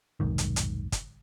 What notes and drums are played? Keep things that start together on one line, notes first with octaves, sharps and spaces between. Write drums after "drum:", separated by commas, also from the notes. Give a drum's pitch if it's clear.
F1 B1 G#2 D#3
drum: hi-hat
drum: hi-hat
drum: kick, hi-hat